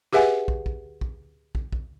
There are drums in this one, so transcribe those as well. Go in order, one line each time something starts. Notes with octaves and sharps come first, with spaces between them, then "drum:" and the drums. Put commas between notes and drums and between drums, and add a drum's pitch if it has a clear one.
G4 G#4 B4 E5 F#5 G#5
drum: kick
drum: kick
drum: kick
drum: kick
drum: kick